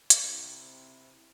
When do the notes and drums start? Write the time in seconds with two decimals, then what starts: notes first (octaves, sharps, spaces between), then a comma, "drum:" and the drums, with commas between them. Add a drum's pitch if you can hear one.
0.10 drum: hi-hat
0.23 C3 C4 E4